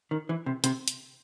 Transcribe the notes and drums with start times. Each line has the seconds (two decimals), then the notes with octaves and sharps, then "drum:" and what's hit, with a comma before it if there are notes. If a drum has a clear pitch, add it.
0.11 D#3
0.29 E3
0.46 C3
0.64 C3, drum: hi-hat
0.88 drum: hi-hat